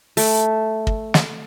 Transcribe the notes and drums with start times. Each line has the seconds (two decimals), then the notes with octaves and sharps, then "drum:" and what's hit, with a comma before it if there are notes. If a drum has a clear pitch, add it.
0.17 A3, drum: open hi-hat
0.87 drum: kick
1.14 drum: snare